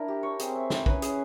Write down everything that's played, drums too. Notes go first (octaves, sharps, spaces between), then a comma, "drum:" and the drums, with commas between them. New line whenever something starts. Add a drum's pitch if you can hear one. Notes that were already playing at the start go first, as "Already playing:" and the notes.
Already playing: D4 E4 A#4
G4
C#5
C4 G#4, drum: hi-hat
E5
E4, drum: snare
C#4 B4, drum: kick
G#4, drum: hi-hat